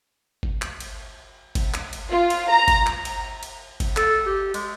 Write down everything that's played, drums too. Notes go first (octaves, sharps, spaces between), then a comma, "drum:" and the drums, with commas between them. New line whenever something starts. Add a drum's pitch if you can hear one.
drum: kick G1
drum: clap
drum: cymbal
drum: kick G1, cymbal
drum: clap
drum: cymbal
F4
drum: cymbal
A#5
drum: kick G1, cymbal
drum: clap
drum: cymbal
drum: cymbal
drum: kick G1, cymbal
A4, drum: clap
G4
G#3, drum: cymbal